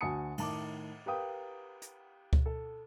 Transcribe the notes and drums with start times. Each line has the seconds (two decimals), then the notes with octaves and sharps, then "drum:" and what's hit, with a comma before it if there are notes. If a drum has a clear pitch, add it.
0.01 D2 F#4 G#5 A5 D#6 C#7
0.38 A2 D#3 A5 D6, drum: cymbal
1.06 G4 A#4 B4 F5 G5 D#6
1.82 drum: hi-hat
2.33 drum: kick C#2
2.46 A4